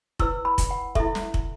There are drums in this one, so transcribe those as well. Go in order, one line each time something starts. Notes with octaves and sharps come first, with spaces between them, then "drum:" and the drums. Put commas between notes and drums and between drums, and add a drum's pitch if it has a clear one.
E4 B4 E6, drum: kick
B5
drum: kick, hi-hat
F#5
E4 A4 E5, drum: kick
drum: snare
drum: kick